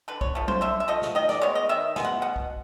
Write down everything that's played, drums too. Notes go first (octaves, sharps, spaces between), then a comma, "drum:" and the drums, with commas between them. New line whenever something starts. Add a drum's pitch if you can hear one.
D3 B4
C#5, drum: kick B1
F3 A3
C5, drum: tom F#3
D3 E5
E5
F3 A3 D#5
drum: snare
D#3 D#5
D5, drum: snare
G#3 B3 C#5
D#5
D#3 E5
G#3 B3, drum: snare
F#5
B2 F#5
drum: kick B1